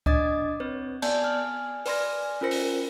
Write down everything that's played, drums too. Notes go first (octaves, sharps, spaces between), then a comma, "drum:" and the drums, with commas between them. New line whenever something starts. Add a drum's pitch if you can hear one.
D4 D#5 D6 D#6 G#6 A6, drum: kick C#2
C4 B4 C#5
B3 D5 G#5 A5 G6, drum: cymbal
G#5 F6
B4 D5 G#5 C6 F6 A#6, drum: open hi-hat
C#4 F4 A#4 C5 A#6 C#7
drum: open hi-hat